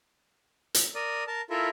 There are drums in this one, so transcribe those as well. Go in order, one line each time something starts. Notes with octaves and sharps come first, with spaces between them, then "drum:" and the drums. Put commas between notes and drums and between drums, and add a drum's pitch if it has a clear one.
drum: hi-hat
A#4 D5 D#6
A#4 A5
E4 F4 A4 A#4 E5